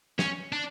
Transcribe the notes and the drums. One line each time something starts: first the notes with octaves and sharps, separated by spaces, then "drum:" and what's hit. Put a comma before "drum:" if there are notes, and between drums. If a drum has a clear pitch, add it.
C#4, drum: snare
D4